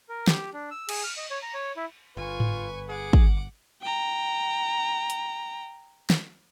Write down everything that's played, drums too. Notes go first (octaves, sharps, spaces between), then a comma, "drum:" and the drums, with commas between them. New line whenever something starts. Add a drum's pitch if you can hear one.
A#4
G4, drum: snare
D4
E6
G#4, drum: cymbal
F6
D#5
C#5
A#5
C#5
E4
G1 F4 B4 G#5 C#6
drum: tom G#2
G#4 F#5 D6
drum: kick
G5 A#5
drum: hi-hat
drum: snare